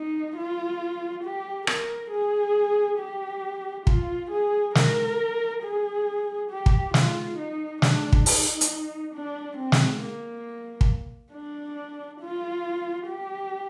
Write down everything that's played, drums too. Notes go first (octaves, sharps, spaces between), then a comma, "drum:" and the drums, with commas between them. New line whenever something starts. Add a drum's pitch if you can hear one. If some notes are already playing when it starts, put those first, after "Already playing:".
Already playing: D#4
F4
G4
A#4, drum: rim click
G#4
G4
F4, drum: kick
G#4
A#4, drum: snare
G#4
G4
drum: kick
F4, drum: snare
D#4
D4, drum: snare
drum: kick
D#4, drum: open hi-hat
drum: hi-hat
D4
C4
drum: snare
A#3
drum: kick
D4
F4
G4